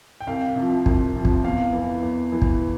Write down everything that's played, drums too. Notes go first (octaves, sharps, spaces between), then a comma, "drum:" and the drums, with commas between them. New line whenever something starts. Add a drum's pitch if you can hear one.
G5
C2 F5
C3 F3
C2, drum: kick
C3 F3
drum: kick
E2 F5
E3
E2
E3
drum: kick